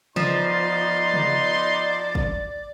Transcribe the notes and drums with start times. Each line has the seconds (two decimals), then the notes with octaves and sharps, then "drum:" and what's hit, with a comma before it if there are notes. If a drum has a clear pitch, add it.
0.16 F3 B3 D#4 D5 C6, drum: tom C#3
1.14 drum: tom C#3
2.15 drum: kick